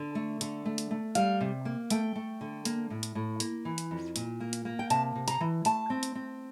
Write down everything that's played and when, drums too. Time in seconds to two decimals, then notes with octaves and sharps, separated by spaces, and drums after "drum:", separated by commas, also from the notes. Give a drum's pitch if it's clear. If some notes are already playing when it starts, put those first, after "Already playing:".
Already playing: D3
0.15 A3
0.41 D3, drum: hi-hat
0.65 A3
0.78 drum: hi-hat
0.91 A3
1.15 G3 F5, drum: hi-hat
1.41 C3
1.65 A#3
1.90 A3 G5, drum: hi-hat
2.16 A3
2.41 D3
2.65 A#3, drum: hi-hat
2.90 A2
3.03 drum: hi-hat
3.15 A2
3.40 A#3, drum: hi-hat
3.65 E3
3.78 drum: hi-hat
3.91 F2
4.16 A#2, drum: hi-hat
4.40 A#3
4.53 drum: hi-hat
4.65 A#3
4.79 G5
4.90 C3 A5, drum: hi-hat
5.15 C3
5.28 A#5, drum: hi-hat
5.41 E3
5.65 A3 A5, drum: hi-hat
5.90 C4
6.03 drum: hi-hat
6.15 C4